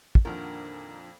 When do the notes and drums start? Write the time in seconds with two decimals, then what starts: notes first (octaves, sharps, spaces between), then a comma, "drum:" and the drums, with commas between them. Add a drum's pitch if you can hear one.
0.15 drum: kick
0.25 F2 A#2 D3 D#3 D4 A#4 F#5